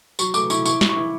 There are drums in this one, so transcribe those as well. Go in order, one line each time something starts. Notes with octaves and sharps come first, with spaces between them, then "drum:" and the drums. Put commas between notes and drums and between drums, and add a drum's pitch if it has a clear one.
F#3 C#6, drum: tambourine
A3 D6, drum: tambourine
E4 C#6, drum: tambourine
E4 C#6, drum: tambourine
E4, drum: snare
C#6
E4